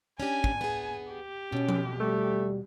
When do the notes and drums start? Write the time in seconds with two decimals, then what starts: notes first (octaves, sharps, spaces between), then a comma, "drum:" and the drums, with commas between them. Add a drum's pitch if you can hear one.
0.20 C#4 D4 G4 G#5
0.44 drum: kick
0.61 B3 G#4
1.12 G4
1.52 D#2 B2 C#4
1.69 drum: tom F3
2.00 G3 A3